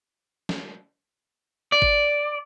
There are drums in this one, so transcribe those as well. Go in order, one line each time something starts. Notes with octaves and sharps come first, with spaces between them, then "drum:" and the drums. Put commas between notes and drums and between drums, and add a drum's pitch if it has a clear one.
drum: snare
D5
drum: kick G#1